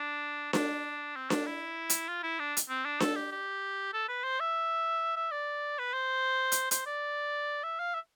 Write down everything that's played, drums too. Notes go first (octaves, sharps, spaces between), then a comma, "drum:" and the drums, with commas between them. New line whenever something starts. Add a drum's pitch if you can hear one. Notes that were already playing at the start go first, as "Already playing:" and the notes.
Already playing: D4
D4, drum: snare D4
C4
D4, drum: snare D4
E4
drum: hi-hat
F4
E4
D4
drum: hi-hat
C4
D4
A4, drum: snare D4
G4
G4
A4
B4
C5
E5
E5
D5
B4
C5
drum: hi-hat
C5, drum: hi-hat
D5
E5
F5
E5